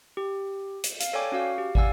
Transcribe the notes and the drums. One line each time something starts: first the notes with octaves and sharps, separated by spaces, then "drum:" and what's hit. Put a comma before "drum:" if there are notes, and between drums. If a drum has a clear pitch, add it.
G4
drum: hi-hat
F5, drum: hi-hat
A4 C#5 D5 G5 G#5 D6
C#4 F#4 F5
G4
D5 F5 F#5 G#5 E6, drum: kick